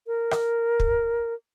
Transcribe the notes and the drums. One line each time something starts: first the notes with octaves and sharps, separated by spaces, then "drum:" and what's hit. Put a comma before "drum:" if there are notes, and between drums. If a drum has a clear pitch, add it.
A#4
drum: rim click
drum: kick